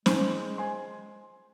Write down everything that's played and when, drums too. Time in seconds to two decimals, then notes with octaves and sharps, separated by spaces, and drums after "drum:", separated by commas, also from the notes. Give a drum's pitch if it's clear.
0.06 G#3 C5 G#5 C6, drum: snare C#4
0.58 C5 G#5 C6